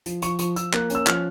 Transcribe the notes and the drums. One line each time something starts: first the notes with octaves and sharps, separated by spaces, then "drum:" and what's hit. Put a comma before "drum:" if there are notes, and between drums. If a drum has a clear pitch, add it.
F3, drum: hi-hat
F3 C#6, drum: hi-hat
F3 C#6, drum: hi-hat
F3 E6, drum: hi-hat
A#3 F#6, drum: clap
C#4 E6, drum: hi-hat
F3 F6, drum: clap